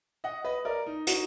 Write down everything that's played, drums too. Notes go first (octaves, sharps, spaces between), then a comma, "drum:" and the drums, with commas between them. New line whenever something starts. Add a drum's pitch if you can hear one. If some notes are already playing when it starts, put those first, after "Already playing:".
D#5 F#5
B4 D#5
A#4 D5
D#4
D#4 F#4, drum: hi-hat